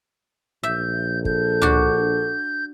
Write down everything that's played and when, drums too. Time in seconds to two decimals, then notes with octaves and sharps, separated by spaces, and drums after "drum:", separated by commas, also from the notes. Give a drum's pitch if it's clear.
0.63 A#1 E5 G6
1.25 A4 G6, drum: kick
1.62 D4 F#4, drum: tom C#2